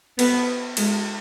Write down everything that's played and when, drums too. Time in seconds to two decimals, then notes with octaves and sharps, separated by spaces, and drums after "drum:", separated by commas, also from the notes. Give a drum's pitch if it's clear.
0.19 B3, drum: cymbal
0.77 G#3, drum: cymbal